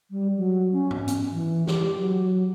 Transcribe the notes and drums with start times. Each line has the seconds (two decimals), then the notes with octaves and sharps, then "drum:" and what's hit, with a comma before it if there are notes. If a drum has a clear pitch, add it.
0.11 G3
0.37 F#3
0.73 C#4
0.91 drum: tom G#2
1.08 drum: hi-hat
1.32 E3
1.67 G4, drum: snare
1.98 F#3